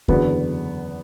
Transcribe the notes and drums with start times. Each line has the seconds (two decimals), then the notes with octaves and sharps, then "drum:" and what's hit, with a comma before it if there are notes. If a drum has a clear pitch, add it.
0.08 F#1 E2 D3 F#3 B3, drum: kick